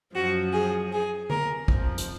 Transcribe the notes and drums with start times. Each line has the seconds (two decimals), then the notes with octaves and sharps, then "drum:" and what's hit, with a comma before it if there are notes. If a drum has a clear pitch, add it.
0.14 F#2 F3 F#4
0.53 G#4
0.92 G#4
1.30 A#4, drum: tom D3
1.68 F2 F3, drum: kick
1.98 drum: hi-hat